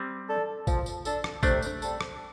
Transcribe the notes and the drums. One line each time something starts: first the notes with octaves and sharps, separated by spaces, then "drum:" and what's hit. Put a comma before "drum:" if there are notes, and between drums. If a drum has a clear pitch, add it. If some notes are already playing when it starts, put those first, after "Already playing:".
Already playing: G3 C4
D4 A4
F3, drum: kick, tambourine
drum: tambourine
D4 A4, drum: tambourine
drum: rim click
C3 A3 D4, drum: kick, tambourine
drum: tambourine
G3 C4 A4, drum: tambourine
drum: rim click